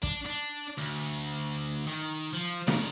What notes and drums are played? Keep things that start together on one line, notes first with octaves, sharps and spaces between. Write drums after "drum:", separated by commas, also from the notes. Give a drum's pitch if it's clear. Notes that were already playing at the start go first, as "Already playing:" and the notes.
D4, drum: kick
D4
D2
D#3
F3
C#3 A#4, drum: snare